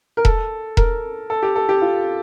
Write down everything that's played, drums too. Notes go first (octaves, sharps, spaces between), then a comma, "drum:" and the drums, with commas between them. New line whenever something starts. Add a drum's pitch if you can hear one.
A#4
A4, drum: kick E1
A#4, drum: kick E1
A4
G4
A4
G4
F4